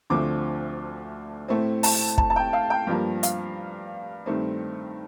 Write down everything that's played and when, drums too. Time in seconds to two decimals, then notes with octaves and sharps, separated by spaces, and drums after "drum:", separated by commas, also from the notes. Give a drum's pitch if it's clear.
0.10 D2 D3 F3 A3 C4 D6
1.48 A2 A3 C4
1.83 A5, drum: open hi-hat
2.18 A5, drum: kick
2.30 A5
2.36 G5
2.53 F5
2.70 G5
2.87 G2 F3 A#3
3.23 F5, drum: hi-hat
4.26 G2 D#3 A3 C4